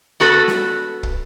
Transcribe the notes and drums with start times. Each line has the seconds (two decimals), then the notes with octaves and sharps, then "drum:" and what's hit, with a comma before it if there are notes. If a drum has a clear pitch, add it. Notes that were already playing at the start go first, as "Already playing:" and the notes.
0.20 B3 F#4 A4 B4
0.48 drum: snare
1.03 drum: kick